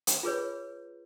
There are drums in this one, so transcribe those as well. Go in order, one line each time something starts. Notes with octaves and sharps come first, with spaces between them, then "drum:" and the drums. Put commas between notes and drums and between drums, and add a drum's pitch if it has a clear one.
drum: hi-hat
F4 G#4 B4 C#5